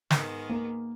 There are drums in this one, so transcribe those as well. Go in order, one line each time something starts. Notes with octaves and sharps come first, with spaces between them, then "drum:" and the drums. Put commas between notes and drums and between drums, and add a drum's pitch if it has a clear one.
G#2 D#3 G#3 B3, drum: snare
A#3